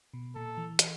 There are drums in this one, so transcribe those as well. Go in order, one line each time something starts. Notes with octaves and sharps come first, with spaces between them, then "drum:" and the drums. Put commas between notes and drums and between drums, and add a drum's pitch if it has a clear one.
B2
A#2 A4
E3
drum: hi-hat